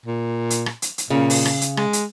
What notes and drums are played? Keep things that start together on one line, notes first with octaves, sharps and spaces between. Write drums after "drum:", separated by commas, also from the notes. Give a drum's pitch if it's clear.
A#2
drum: hi-hat
drum: rim click
drum: hi-hat
drum: hi-hat
A#2 C#3
drum: open hi-hat
drum: rim click
drum: hi-hat
G#3, drum: rim click
drum: hi-hat